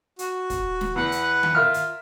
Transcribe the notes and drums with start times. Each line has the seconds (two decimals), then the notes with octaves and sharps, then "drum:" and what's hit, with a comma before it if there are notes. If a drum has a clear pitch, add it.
0.19 F#4, drum: hi-hat
0.50 drum: kick, hi-hat
0.81 drum: snare
0.96 E2 B4 F#5
1.12 drum: hi-hat
1.43 drum: tom D#3
1.55 F4 A#4 E5 F6
1.74 drum: hi-hat